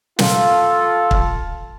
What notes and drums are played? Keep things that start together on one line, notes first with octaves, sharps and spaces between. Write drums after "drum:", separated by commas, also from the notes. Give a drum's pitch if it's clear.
F4 A4 F5, drum: snare
drum: kick